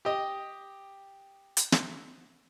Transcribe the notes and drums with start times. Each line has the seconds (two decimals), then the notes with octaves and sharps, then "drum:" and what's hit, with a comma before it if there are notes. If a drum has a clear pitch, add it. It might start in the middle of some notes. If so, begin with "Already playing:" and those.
0.05 G4 D#5
1.57 drum: hi-hat
1.72 drum: snare